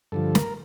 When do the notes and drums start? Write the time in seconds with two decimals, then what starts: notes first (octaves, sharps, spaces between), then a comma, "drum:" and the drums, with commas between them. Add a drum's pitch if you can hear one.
0.12 G2 D3 F3 A4
0.35 A#4, drum: snare